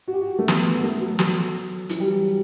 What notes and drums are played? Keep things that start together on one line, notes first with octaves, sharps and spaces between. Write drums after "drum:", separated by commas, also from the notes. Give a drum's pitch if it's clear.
F#4
G4
F#4
A3
B3, drum: snare
A3
F#3
F#3, drum: snare
E3, drum: hi-hat
G3
F#3